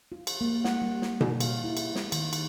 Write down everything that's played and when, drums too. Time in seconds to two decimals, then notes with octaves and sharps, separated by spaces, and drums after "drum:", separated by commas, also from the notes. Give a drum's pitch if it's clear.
0.12 F4
0.27 drum: cymbal
0.41 A#3
0.64 F#5, drum: snare
0.82 G3
1.02 drum: snare
1.21 drum: tom B2
1.40 F5, drum: cymbal
1.64 E4
1.77 drum: cymbal
1.95 drum: snare
2.12 D#3, drum: cymbal
2.33 drum: cymbal